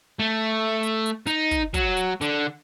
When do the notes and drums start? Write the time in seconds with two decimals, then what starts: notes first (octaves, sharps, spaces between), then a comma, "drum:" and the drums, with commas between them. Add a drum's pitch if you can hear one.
0.19 A3
0.83 drum: hi-hat
1.06 drum: hi-hat
1.27 D#4, drum: hi-hat
1.51 drum: kick, hi-hat
1.74 F#3, drum: kick, hi-hat
1.97 drum: hi-hat
2.21 D3, drum: hi-hat